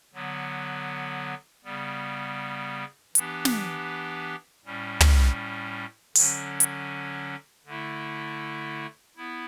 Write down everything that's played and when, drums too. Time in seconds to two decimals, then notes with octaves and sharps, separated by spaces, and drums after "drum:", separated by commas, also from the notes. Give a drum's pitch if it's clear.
0.14 D3 F#3 B3
1.64 C#3 G3 B3
3.15 E3 B3 D4 G4, drum: hi-hat
3.45 drum: snare
4.65 A2 G3 C#4
5.00 drum: tom
6.15 D3 F#3 C#4, drum: open hi-hat
6.60 drum: hi-hat
7.66 D3 A3 E4
9.16 B3 E4